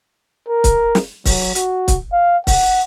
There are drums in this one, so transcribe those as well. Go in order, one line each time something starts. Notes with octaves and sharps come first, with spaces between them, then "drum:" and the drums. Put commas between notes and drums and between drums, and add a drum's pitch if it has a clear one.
A#4
drum: kick C#1, hi-hat
drum: snare
F#3, drum: kick C#1, open hi-hat
F#4, drum: hi-hat
drum: kick C#1, hi-hat
F5
F#5, drum: kick C#1, open hi-hat